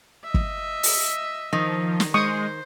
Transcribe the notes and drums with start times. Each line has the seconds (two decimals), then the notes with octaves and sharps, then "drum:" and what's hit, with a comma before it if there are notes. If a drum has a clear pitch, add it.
0.24 D#5 E5
0.34 drum: kick
0.83 drum: open hi-hat
1.53 D#3 F3
2.00 drum: snare
2.14 G#3 C5 C#6 D#6